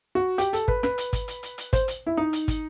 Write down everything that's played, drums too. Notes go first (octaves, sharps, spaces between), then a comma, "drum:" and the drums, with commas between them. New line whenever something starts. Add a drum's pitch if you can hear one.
F#4
G4, drum: hi-hat
A4, drum: hi-hat
B4, drum: kick
B4, drum: snare
drum: hi-hat
drum: kick, hi-hat
drum: hi-hat
drum: hi-hat
drum: hi-hat
C5, drum: kick, hi-hat
drum: hi-hat
E4
D#4
drum: hi-hat
drum: kick, hi-hat